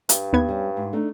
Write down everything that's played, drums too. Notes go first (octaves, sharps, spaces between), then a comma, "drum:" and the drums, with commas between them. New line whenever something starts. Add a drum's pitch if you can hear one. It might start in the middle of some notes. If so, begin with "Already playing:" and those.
G2, drum: hi-hat
D#2 B3 G#6
G3 C#4
G#2
A3 D4 D#4